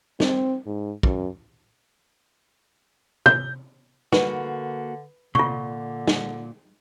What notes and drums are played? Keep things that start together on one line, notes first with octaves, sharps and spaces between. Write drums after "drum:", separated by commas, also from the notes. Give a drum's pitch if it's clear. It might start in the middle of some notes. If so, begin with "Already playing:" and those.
C4, drum: snare
G#2
F#2, drum: kick
G6, drum: tom
D3 A#3 F#4 B4, drum: snare
A#2 D3 F4 C#6, drum: tom
drum: snare